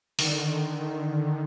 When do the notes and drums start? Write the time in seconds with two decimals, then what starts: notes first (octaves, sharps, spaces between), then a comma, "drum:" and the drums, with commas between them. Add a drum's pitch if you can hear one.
0.19 D3 D#3, drum: open hi-hat